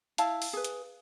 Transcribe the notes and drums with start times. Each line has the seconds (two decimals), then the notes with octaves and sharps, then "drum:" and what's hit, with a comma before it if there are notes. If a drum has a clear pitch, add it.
0.18 E4 F5 A5, drum: hi-hat
0.42 drum: open hi-hat
0.53 G#4 B4
0.64 drum: hi-hat